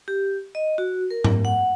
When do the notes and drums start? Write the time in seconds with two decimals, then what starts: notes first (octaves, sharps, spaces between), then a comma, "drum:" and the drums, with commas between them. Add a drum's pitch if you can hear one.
0.08 G4
0.55 D#5
0.78 F#4
1.11 A#4
1.24 drum: tom G#2
1.45 F#5